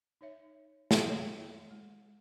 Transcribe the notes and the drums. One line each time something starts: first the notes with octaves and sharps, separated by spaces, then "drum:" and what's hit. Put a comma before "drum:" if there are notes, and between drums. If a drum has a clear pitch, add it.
D#4 C#5 E5
G4 G#4, drum: snare
C#5 E5
G#3